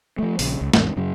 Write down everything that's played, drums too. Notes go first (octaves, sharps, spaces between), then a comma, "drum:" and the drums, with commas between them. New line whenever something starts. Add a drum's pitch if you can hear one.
F3 A3
A#1 C#3, drum: open hi-hat
C#2
A1 E2 G#2 C3, drum: snare
F#2 C#3 F#3